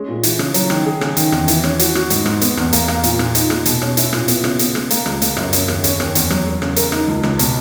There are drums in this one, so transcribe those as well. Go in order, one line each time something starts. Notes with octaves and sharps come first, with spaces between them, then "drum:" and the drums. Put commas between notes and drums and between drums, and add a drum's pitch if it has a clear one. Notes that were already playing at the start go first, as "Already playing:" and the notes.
Already playing: G#3 C#4
A#2
E3, drum: hi-hat
C#3, drum: rim click
F#3, drum: hi-hat
D#3, drum: rim click
G#4
C#3, drum: rim click
D#3, drum: hi-hat
E2, drum: rim click
E3, drum: hi-hat
C#4, drum: rim click
F#4, drum: hi-hat
F#4, drum: rim click
G#2, drum: hi-hat
G#2, drum: rim click
B3, drum: hi-hat
E2, drum: rim click
A#3, drum: hi-hat
A#3, drum: rim click
A#2, drum: hi-hat
A#2, drum: rim click
D#4, drum: hi-hat
G#3, drum: rim click
B2, drum: hi-hat
C#4, drum: rim click
E4, drum: hi-hat
A#2, drum: rim click
B3, drum: hi-hat
C#3, drum: rim click
B3, drum: hi-hat
G#3, drum: rim click
A#3, drum: hi-hat
C#2, drum: rim click
A#3, drum: hi-hat
F#2, drum: rim click
C#3, drum: hi-hat
D#2, drum: rim click
C#4, drum: hi-hat
D#2, drum: rim click
E2, drum: hi-hat
F#3, drum: rim click
G#3
C#3, drum: rim click
A#4, drum: hi-hat
D#4, drum: rim click
C#2
C#2, drum: rim click
B2, drum: hi-hat